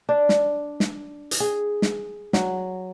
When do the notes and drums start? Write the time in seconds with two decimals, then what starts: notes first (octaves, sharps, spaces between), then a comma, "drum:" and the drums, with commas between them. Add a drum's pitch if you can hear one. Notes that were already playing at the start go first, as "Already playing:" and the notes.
0.09 D4
0.29 drum: snare
0.80 drum: snare
1.31 drum: hi-hat
1.40 G#4
1.82 drum: snare
2.33 F#3, drum: snare